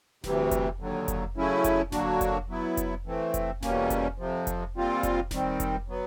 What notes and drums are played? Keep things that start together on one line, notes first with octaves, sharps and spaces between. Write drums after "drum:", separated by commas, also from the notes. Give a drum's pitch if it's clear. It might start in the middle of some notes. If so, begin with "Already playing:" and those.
D2 C3 E3 G3, drum: snare D#1
drum: kick F1, hi-hat
D#2 D3 F#3
drum: kick F1, hi-hat
C#3 F#3 A3 C#4 E4
drum: kick F1, hi-hat
D3 F#3 A#3 D4 F#4, drum: snare D#1
drum: kick F1, hi-hat
F#3 B3 E4
drum: kick F1, hi-hat
E3 A3 C4
drum: kick F1, hi-hat
E2 B2 G3 A#3 C#4, drum: snare D#1
drum: kick F1, hi-hat
F2 C3 F3
drum: kick F1, hi-hat
A#2 G3 C4 F4
drum: kick F1, hi-hat
D#3 G3 C4, drum: snare D#1
drum: kick F1, hi-hat
F#3 B3